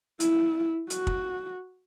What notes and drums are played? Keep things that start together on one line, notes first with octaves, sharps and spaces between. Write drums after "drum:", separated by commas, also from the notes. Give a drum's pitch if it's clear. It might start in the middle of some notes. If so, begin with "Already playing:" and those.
E4, drum: hi-hat
F#4, drum: hi-hat
drum: kick